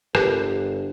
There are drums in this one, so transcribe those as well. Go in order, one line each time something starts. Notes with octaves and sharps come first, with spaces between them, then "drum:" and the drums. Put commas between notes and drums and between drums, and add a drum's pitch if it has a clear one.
G1 G4 A#4 B4, drum: rim click